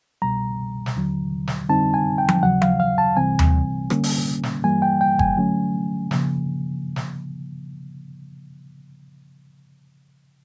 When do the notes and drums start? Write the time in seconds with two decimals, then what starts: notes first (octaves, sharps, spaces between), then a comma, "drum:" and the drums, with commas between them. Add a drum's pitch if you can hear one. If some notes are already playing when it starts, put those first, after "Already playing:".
0.22 C2 B2 G3 A#5
0.86 drum: snare
0.96 D#2 D3 F#3
1.47 drum: snare
1.69 F2 D3 G3 C4 D#4 A5
1.94 G#5
2.18 G5
2.29 drum: tom F3
2.43 D#2 C#3 F#3 F#5
2.62 F5, drum: tom F3
2.80 F5
2.98 A5
3.16 C2 C3 E3 G3 C4 G#5
3.39 drum: tom D#2
3.90 D3 G3 A#3 C#4, drum: rim click
4.03 drum: open hi-hat
4.43 drum: snare
4.64 G2 E3 G3 A#3 G#5
4.82 G5
5.01 G5
5.19 G#5, drum: kick G1
5.37 D3 F#3 A3 C#4
6.11 C#3 F3 A#3, drum: snare
6.96 drum: snare